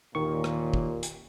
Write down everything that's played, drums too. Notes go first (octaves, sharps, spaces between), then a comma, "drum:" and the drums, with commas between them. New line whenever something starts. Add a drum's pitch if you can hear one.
D#2 A#2 D#3 C#6
drum: rim click
drum: kick
drum: hi-hat